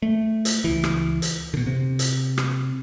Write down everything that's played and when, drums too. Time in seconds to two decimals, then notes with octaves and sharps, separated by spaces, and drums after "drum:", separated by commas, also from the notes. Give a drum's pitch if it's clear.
0.02 A3
0.45 drum: hi-hat
0.64 C#2 E3
0.84 drum: rim click
1.22 drum: hi-hat
1.54 B2 D3
1.66 C3
1.99 drum: hi-hat
2.38 drum: rim click